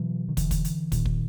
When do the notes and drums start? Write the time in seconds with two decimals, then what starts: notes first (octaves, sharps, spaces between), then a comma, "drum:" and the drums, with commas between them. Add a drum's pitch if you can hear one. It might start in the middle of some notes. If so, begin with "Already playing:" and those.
Already playing: B2 E3 F#3
0.29 D#3
0.37 D3 E3, drum: kick, hi-hat
0.51 drum: kick, hi-hat
0.65 drum: hi-hat
0.92 A#2 D#3, drum: kick, hi-hat
1.06 drum: kick